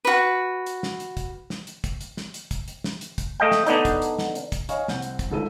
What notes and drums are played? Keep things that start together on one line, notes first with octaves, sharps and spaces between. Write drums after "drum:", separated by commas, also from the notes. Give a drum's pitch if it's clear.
F#4 B4
drum: hi-hat
drum: snare
drum: hi-hat
drum: kick, hi-hat
drum: snare
drum: hi-hat
drum: kick, hi-hat
drum: hi-hat
drum: snare
drum: hi-hat
drum: kick, hi-hat
drum: hi-hat
drum: snare
drum: hi-hat
drum: kick, hi-hat
A3 D#5 F5 G5
drum: snare
D3 B3 D4 D#4, drum: hi-hat
drum: kick, hi-hat
drum: hi-hat
drum: snare
drum: hi-hat
drum: kick, hi-hat
C#5 D#5 F5 G#5 C#6, drum: hi-hat
C2 C4 F#5 G6, drum: snare
drum: hi-hat
drum: kick, hi-hat
G1 C#2 D#3 A4 B4 D#7